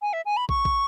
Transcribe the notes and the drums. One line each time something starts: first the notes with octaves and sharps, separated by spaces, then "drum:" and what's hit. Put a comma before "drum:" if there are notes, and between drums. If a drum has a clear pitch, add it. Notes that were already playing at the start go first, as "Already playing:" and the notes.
G#5
E5
G#5
B5
C#6, drum: kick
drum: kick